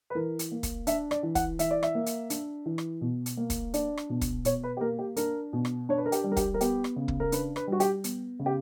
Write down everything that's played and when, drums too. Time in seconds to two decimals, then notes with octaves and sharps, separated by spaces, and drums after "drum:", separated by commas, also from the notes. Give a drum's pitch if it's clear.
0.10 B4
0.15 E3 A#4
0.39 drum: hi-hat
0.52 A#3
0.63 drum: kick, hi-hat
0.87 D4 E5, drum: hi-hat
1.11 D5, drum: rim click
1.23 E3
1.35 F#5, drum: kick, hi-hat
1.59 E3 E5, drum: hi-hat
1.71 D5
1.83 E5, drum: rim click
1.95 A#3
2.06 drum: hi-hat
2.30 D4, drum: hi-hat
2.66 E3
2.78 drum: rim click
3.01 B2
3.26 drum: hi-hat
3.37 A#3
3.50 drum: kick, hi-hat
3.74 D4 D5, drum: hi-hat
3.97 drum: rim click
4.10 B2
4.21 drum: kick, hi-hat
4.45 B2 C#5, drum: hi-hat
4.63 B4
4.77 G4
4.81 A#3 A#4
4.99 G4
5.17 D4 A#4, drum: hi-hat
5.53 B2
5.65 drum: rim click
5.89 D4 C#5
5.98 B4
6.06 A#4
6.12 G4, drum: hi-hat
6.24 G3
6.32 A#4
6.37 G4, drum: kick, hi-hat
6.54 A#4
6.61 B3 G4, drum: hi-hat
6.84 drum: rim click
6.96 C#3
7.08 drum: kick
7.20 A#4
7.32 D4 B4, drum: hi-hat
7.56 B4, drum: rim click
7.68 G3 F#4
7.80 G4, drum: hi-hat
8.04 B3, drum: hi-hat
8.39 C#3
8.46 G4